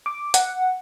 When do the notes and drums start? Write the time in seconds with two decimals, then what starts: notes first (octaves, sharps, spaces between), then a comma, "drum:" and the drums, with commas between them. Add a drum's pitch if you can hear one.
0.06 D6
0.34 F#5, drum: hi-hat